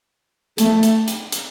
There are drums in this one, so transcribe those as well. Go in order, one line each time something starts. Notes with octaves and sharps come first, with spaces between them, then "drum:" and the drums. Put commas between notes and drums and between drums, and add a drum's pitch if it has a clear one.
A3, drum: hi-hat
drum: hi-hat
drum: hi-hat
drum: hi-hat